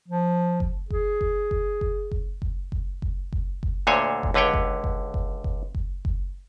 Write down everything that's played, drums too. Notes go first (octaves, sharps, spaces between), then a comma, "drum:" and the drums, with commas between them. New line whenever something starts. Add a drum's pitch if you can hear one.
F3
drum: kick F#1
G#4, drum: kick F#1
drum: kick F#1
drum: kick F#1
drum: kick F#1
drum: kick F#1
drum: kick F#1
drum: kick F#1
drum: kick F#1
drum: kick F#1
drum: kick F#1
D2 A#2 D3 C5 C#5 G#5
drum: kick F#1
C#2 D3 B4 C#5 G5
drum: kick F#1
drum: kick F#1
drum: kick F#1
drum: kick F#1
drum: kick F#1
drum: kick F#1